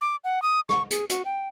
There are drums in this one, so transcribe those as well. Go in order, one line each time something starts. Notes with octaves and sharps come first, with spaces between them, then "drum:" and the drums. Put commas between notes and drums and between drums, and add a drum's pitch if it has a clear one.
D6
F#5
D#6
C#6, drum: rim click
G#4, drum: hi-hat
F#4, drum: hi-hat
G5